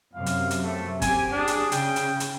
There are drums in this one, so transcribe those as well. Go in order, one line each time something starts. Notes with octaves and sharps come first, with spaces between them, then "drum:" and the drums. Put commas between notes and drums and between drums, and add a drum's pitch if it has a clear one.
F#2 C3 F5
drum: hi-hat
drum: hi-hat
A3
C4 G4 G#5, drum: kick, hi-hat
D4 G4 G#4
drum: hi-hat
C#3 G5, drum: hi-hat
drum: hi-hat
drum: hi-hat